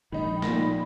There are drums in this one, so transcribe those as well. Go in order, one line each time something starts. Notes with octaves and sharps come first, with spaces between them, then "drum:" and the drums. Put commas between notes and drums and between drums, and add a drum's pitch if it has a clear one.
A#1 G#2 D#3 D#4 B5
A#2 A#6, drum: snare